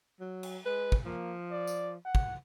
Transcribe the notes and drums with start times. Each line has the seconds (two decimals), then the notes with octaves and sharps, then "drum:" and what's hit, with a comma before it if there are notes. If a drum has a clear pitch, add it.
0.20 F#3
0.43 drum: cymbal
0.66 G#3 B4
0.92 drum: kick
1.05 F3 A#3
1.51 D5
1.67 drum: tambourine
2.05 F#5
2.15 drum: kick